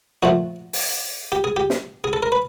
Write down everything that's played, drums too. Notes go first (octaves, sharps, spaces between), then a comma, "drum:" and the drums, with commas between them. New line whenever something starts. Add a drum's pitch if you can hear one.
A#2 F3 A3 F#4
drum: open hi-hat
G4
G#4
G4
drum: snare
G#4
A4
A#4
B4